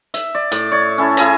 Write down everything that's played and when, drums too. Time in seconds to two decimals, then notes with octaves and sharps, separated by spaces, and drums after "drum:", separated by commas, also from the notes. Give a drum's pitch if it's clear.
0.14 E5, drum: hi-hat
0.35 D5
0.51 A2, drum: hi-hat
0.71 C#5 D5
0.98 C#4 E4 A4
1.17 E4 G#4 G#5 A#5, drum: hi-hat